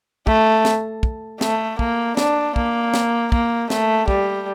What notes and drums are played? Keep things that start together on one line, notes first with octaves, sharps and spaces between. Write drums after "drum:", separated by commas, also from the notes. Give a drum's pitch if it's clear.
A3, drum: kick
drum: snare
drum: kick
A3, drum: snare
A#3, drum: kick
D4, drum: snare
A#3, drum: kick
drum: snare
A#3, drum: kick
A3, drum: snare
G3, drum: kick